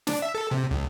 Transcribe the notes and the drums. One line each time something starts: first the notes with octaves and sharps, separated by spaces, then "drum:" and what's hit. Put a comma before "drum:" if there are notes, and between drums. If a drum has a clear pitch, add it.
D4, drum: snare
E5
A4
C3
C#2